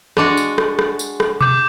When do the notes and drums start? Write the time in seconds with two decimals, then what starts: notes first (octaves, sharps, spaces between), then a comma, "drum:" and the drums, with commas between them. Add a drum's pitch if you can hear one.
0.17 G#3 D4 F#4, drum: rim click
0.37 drum: tambourine
0.58 drum: rim click
0.79 drum: rim click
0.99 drum: tambourine
1.20 drum: rim click
1.41 D6 G6, drum: tom B2